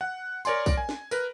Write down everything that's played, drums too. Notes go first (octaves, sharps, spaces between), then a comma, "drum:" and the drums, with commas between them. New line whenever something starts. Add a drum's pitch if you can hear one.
F#5
A#4 C#5 D5 G#5 C6, drum: tambourine
drum: kick A#1, tambourine
G#5
drum: snare
A#4 B4, drum: tambourine